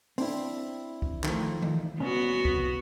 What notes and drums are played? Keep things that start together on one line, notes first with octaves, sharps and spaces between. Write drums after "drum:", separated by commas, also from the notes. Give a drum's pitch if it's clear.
C4 D4 E4, drum: open hi-hat
drum: kick
D#3 F3 A3, drum: clap
drum: tom D#3
C2 B3 C#4 F#4
drum: kick